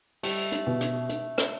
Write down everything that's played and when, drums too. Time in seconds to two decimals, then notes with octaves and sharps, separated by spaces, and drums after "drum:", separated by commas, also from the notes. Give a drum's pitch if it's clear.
0.23 G3 A3, drum: open hi-hat
0.52 drum: hi-hat
0.67 B2
0.81 drum: hi-hat
1.09 drum: hi-hat
1.38 drum: rim click